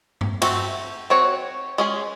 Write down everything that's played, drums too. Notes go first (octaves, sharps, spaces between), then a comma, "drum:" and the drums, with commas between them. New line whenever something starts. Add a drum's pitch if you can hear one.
drum: tom G2
A3 C4 F#4, drum: cymbal
C4 F#4 C#5
G#3 C#4 G#4